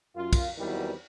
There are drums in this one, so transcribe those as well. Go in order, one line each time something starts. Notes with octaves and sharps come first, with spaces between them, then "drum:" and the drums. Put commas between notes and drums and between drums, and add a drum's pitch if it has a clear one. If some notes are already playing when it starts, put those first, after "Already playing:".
F#2 F4
drum: kick, cymbal
E2 D#3 E3 F#3 G3 C4